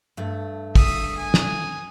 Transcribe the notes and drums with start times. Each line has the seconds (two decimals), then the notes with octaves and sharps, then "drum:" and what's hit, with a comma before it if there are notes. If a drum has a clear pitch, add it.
0.17 G2 A3
0.75 E5 D#6, drum: kick, open hi-hat
1.18 G#5 D#6
1.34 drum: snare